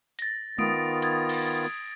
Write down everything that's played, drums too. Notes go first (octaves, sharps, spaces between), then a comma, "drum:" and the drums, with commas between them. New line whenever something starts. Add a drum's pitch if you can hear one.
A6 A#6, drum: hi-hat
D#3 B3 F4 D#6 D7, drum: tom G#3
G#6 A6, drum: hi-hat
drum: cymbal